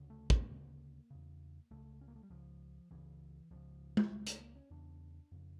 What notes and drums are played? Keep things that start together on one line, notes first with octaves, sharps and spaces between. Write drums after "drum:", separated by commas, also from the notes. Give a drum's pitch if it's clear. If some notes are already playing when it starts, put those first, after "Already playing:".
Already playing: D2 C#3
A3
A#3, drum: kick
D2 C#3
E2 C#3
C#2 C#3 A3
C#4
A#3
A3
G3
C#2 C#3 F3
C#2 C#3 E3
C#2 C#3 F3
drum: tom G#3
C#2 C#3 G3
A3, drum: hi-hat
A#3
C#4
E2 C#3 D4
F2 C#3